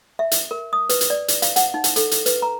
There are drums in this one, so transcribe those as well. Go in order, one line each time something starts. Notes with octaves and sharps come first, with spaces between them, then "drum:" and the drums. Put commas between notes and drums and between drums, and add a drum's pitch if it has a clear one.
E5
drum: hi-hat
A#4
D#6
B4, drum: hi-hat
drum: hi-hat
D5
drum: hi-hat
F5, drum: hi-hat
F#5, drum: hi-hat
D#4
drum: hi-hat
A4, drum: hi-hat
drum: hi-hat
B4, drum: hi-hat
A#5